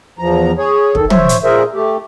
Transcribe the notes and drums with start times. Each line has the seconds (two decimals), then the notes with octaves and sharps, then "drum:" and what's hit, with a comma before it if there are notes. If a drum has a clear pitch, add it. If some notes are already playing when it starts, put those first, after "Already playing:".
0.19 E2 F3 A#5
0.58 G#4 C#5
0.95 D#3 A4, drum: kick
1.10 C5 C#5 E5, drum: tom
1.29 drum: hi-hat
1.44 A#2 G#4 A#4 C5 E5
1.74 A3 G4